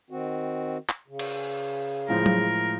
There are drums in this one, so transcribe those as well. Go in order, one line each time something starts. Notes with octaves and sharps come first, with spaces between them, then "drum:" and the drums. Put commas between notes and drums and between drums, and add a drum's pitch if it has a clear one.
D#3 C4 F#4
drum: clap
C#3
drum: cymbal
A2 F3 G#3 A#4
drum: tom F#3